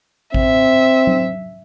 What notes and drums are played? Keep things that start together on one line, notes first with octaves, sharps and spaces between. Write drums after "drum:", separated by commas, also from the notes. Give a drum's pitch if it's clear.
C4 E5, drum: kick G#1
drum: tom F#3